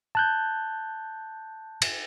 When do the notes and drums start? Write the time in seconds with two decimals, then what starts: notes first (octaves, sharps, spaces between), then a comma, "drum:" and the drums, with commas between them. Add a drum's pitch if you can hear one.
0.15 A5 F#6 G6
1.82 drum: cymbal